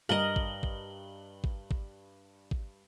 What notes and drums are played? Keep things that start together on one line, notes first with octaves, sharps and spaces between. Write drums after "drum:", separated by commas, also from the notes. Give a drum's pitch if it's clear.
G2 A#4 D#5 F#7 G7
drum: kick G#1
drum: kick G#1
drum: kick G#1
drum: kick G#1
drum: kick G#1